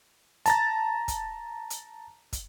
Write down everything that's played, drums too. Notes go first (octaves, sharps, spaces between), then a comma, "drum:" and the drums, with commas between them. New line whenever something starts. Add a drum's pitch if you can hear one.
A5 A#5 A6, drum: hi-hat
drum: kick, hi-hat
drum: hi-hat
drum: kick, hi-hat